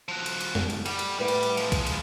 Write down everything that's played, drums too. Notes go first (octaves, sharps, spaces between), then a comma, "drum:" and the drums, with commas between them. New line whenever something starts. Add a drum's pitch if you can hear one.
F3 F#4
drum: cymbal
drum: cymbal
drum: tom F2
drum: cymbal
G3 F#5, drum: cymbal
drum: cymbal
A2 G3 B4 F#5
drum: cymbal
drum: cymbal
F3 G#3, drum: cymbal
drum: kick, cymbal
drum: cymbal